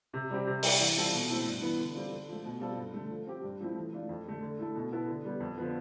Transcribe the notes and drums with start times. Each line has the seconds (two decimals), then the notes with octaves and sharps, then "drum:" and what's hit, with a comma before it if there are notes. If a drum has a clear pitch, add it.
0.14 C3
0.30 G3 C4 G4
0.47 C3
0.63 G3 D4, drum: open hi-hat
0.79 E3
0.96 G3 C4 F4 A4
1.13 B2
1.29 A3 C4 E4 A4
1.46 G2
1.62 E3 B3 E4
1.79 D3
1.94 G3 C4 F4
2.12 D3
2.28 F3 A3
2.45 B2
2.60 G3 C4 F4 A4
2.77 G2
2.94 D3 A3
3.10 F3
3.27 C4 G4
3.43 G2
3.60 F3 A3 C4 E4
3.76 E3
3.93 A3 D4 F4
4.09 F2
4.25 D3 A3
4.42 D3
4.59 A3 E4 A4
4.75 B2
4.92 B3 E4 A4
5.08 D3
5.25 G3 B3
5.40 F2
5.58 D3 F3 B3